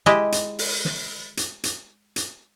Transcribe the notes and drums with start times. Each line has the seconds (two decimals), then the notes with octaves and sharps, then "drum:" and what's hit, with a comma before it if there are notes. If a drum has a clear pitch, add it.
0.06 G#3 E4 G4 D#5, drum: snare
0.32 drum: hi-hat
0.59 drum: open hi-hat
0.85 drum: snare
1.37 drum: hi-hat
1.64 drum: hi-hat
2.16 drum: hi-hat